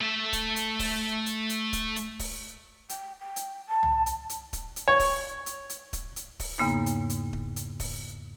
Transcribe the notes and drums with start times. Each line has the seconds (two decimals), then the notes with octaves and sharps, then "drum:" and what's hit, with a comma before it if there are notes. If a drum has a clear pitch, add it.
0.01 A3 E5
0.33 drum: kick D#1, hi-hat
0.56 drum: hi-hat
0.79 drum: kick D#1, open hi-hat
1.26 drum: hi-hat
1.49 drum: hi-hat
1.73 drum: kick D#1, hi-hat
1.96 drum: hi-hat
2.19 drum: kick D#1, open hi-hat
2.89 G5, drum: hi-hat
3.20 G5
3.36 drum: hi-hat
3.68 A5
3.83 drum: tom C2
4.06 drum: hi-hat
4.29 drum: hi-hat
4.53 drum: kick D#1, hi-hat
4.76 drum: hi-hat
4.88 C#5
4.99 drum: kick D#1, open hi-hat
5.46 drum: hi-hat
5.70 drum: hi-hat
5.93 drum: kick D#1, hi-hat
6.16 drum: hi-hat
6.40 drum: kick D#1, open hi-hat
6.58 E2 G#2 C#3 A#3 B3 D#4
6.86 drum: hi-hat
7.10 drum: hi-hat
7.33 drum: kick D#1
7.56 drum: hi-hat
7.80 drum: kick D#1, open hi-hat